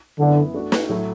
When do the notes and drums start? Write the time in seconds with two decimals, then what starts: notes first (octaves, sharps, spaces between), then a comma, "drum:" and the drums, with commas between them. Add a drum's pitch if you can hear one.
0.18 F#2 D3 E3 B3 E4
0.54 A3 D4 F#4
0.72 drum: snare
0.89 A2 F#3 A3 E4